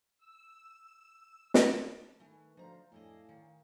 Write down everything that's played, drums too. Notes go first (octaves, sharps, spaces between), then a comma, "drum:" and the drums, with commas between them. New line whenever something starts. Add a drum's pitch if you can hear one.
E6
drum: snare
A5
D#3 A3 B4 G#5
D2 F3 C5 D#5 F5 A#5
F2 A2 D4 E4 D#5 F5 G#5
D#3